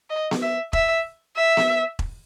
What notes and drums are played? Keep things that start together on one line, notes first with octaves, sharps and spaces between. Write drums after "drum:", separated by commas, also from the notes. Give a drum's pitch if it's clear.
D#5
drum: snare B3
E5
E5, drum: kick E1
E5
drum: snare B3
drum: kick E1